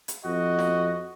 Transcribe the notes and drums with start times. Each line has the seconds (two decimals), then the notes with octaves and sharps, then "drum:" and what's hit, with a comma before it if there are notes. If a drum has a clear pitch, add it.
0.08 drum: hi-hat
0.25 F2 F#4 D#5
0.59 drum: snare